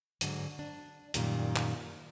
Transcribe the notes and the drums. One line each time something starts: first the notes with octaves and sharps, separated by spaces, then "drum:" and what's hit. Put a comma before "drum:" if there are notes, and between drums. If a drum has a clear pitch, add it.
G#2 D3 F#3, drum: hi-hat
D4
F#2 A#2 D#3 G3, drum: hi-hat
drum: clap